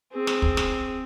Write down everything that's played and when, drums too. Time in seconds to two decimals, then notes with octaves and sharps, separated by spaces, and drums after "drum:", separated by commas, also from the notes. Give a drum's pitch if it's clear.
0.12 C4 G#4
0.27 drum: snare
0.42 drum: kick
0.57 drum: snare